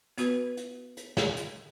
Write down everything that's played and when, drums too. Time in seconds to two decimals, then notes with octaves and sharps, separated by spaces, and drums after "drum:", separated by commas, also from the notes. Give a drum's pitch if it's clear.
0.18 B3 F#4 B4, drum: hi-hat
0.57 drum: hi-hat
0.97 drum: hi-hat
1.17 drum: snare
1.37 drum: hi-hat